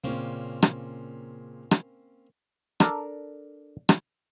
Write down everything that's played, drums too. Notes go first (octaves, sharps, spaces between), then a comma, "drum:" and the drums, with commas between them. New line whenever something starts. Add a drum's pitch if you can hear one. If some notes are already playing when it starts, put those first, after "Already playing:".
A#2 C#3 A#3 C4 C#4
drum: rim click
drum: rim click
D4 A4 A#4, drum: rim click
drum: rim click